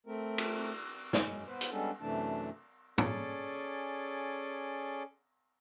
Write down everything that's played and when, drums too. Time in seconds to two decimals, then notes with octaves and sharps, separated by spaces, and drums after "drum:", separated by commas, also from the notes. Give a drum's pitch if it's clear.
0.07 A3 C4 A#4
0.38 drum: cymbal
1.13 F#2 G#3 C#4, drum: snare
1.46 B3 B4 C5
1.61 drum: hi-hat
1.71 G3 G#3 B3 C#4 D4 A4
2.01 F#2 C3 E3 A3 D4 A5
2.98 C#4 G#4 A4 D5, drum: tom